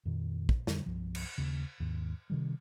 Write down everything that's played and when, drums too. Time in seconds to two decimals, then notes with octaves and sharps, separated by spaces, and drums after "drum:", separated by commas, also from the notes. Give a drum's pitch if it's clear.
0.05 F2 A#2 D#3
0.49 drum: kick
0.67 F2 D3 G3, drum: snare
0.86 C2 G2 F3
1.15 drum: cymbal
1.38 D#2 C#3
1.80 D#2 G#2 D#3
2.30 C3 D#3 G3